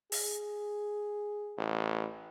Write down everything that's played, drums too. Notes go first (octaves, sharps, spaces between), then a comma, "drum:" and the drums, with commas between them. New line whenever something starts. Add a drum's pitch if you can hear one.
G#4, drum: open hi-hat
A1